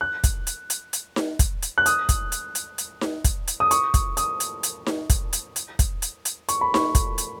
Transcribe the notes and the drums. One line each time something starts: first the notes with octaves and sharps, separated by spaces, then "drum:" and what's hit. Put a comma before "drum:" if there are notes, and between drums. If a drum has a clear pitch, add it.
F#6
drum: kick, hi-hat
drum: hi-hat
drum: hi-hat
drum: hi-hat
drum: snare D#4
drum: kick, hi-hat
drum: hi-hat
F#6
D#6, drum: hi-hat
drum: kick, hi-hat
drum: hi-hat
drum: hi-hat
drum: hi-hat
drum: snare D#4
drum: kick, hi-hat
drum: hi-hat
D#6
C#6, drum: hi-hat
drum: kick, hi-hat
D#6, drum: hi-hat
drum: hi-hat
drum: hi-hat
drum: snare D#4
drum: kick, hi-hat
drum: hi-hat
drum: hi-hat
drum: kick, hi-hat
drum: hi-hat
drum: hi-hat
C#6, drum: hi-hat
B5
C#6, drum: snare D#4
drum: kick, hi-hat
drum: hi-hat